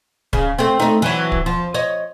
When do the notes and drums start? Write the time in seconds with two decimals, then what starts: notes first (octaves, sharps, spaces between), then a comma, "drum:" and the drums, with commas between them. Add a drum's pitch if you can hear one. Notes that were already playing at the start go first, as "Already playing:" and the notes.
0.33 C#3, drum: kick
0.59 A3 C4
0.80 A3 D#4
1.02 E3 F#3
1.32 drum: kick
1.46 F3
1.74 C#5 D#5